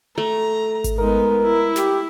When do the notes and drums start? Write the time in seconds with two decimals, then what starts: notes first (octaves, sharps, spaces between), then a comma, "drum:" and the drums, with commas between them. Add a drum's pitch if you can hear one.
0.18 A3 A#5
0.84 drum: kick G#1, hi-hat
0.98 G#3 B3 D#4 A#4
1.42 E4
1.76 G4, drum: snare